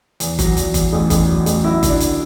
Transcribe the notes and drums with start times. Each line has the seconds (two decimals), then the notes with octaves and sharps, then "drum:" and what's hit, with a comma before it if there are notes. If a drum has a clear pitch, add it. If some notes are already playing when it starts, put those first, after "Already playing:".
0.20 E2, drum: hi-hat
0.39 F#3, drum: kick F#1, hi-hat
0.57 E2, drum: hi-hat
0.74 E2, drum: kick F#1, hi-hat
0.93 A1
1.10 A1, drum: kick F#1, hi-hat
1.28 F#3
1.46 A1, drum: hi-hat
1.64 F#3 E4
1.83 D3, drum: kick F#1, hi-hat
1.88 D4
2.00 drum: hi-hat